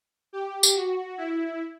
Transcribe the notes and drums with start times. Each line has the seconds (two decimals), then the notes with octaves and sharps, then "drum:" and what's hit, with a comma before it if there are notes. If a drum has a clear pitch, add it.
0.33 G4
0.63 drum: tambourine
0.75 F#4
1.18 E4